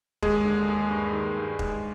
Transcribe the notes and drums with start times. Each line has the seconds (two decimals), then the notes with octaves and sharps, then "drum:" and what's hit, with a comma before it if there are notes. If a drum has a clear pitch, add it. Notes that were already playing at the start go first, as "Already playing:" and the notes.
0.22 D#2 G#3 G#4, drum: kick E1
0.45 D3
0.68 D#2
0.91 G2
1.13 D#3
1.37 G2
1.59 G#2, drum: kick E1